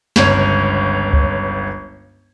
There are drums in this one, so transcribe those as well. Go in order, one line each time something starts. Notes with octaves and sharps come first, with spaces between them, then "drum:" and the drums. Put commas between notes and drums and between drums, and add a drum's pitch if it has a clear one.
G1 C#2 C#4 C#5, drum: snare
drum: kick C#2